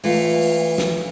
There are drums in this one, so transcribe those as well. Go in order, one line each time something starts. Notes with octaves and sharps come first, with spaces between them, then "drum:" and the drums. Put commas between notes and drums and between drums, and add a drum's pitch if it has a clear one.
E3 A3 F4, drum: open hi-hat
drum: open hi-hat
drum: snare